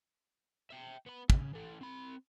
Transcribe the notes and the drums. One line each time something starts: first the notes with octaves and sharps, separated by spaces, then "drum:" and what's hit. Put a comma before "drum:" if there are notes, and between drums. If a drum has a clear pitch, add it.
E5 G5
B3 B5
C#3, drum: kick
E3 A4
C4 B5